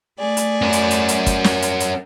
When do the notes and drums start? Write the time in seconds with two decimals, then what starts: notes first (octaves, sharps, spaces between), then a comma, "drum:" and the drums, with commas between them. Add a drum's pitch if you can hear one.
0.19 A3 G#4 D5
0.37 drum: hi-hat
0.62 C#4 A#4
0.73 drum: hi-hat
0.91 drum: hi-hat
1.08 drum: hi-hat
1.26 drum: kick, hi-hat
1.44 drum: snare
1.62 drum: hi-hat
1.80 drum: hi-hat